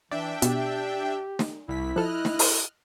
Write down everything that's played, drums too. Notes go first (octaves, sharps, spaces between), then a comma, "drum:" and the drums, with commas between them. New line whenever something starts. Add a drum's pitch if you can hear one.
E3 D4 D5 E5 G5
B2 G4, drum: hi-hat
drum: snare
C2 E4 B6
F3 A4 D#5 F6 F#6
drum: snare
drum: open hi-hat